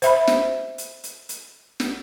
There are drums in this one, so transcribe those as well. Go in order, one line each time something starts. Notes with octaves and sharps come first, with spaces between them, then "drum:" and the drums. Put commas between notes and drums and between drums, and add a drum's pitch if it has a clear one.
C5 E5 B5, drum: hi-hat
drum: snare
drum: hi-hat
drum: hi-hat
drum: hi-hat
drum: snare